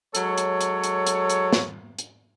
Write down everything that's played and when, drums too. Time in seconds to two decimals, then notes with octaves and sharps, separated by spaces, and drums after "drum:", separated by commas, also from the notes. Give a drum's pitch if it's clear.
0.15 F#3 G#3 A4 C#5, drum: hi-hat
0.38 drum: hi-hat
0.61 drum: hi-hat
0.84 drum: hi-hat
1.07 drum: hi-hat
1.30 drum: hi-hat
1.53 drum: snare
1.99 drum: hi-hat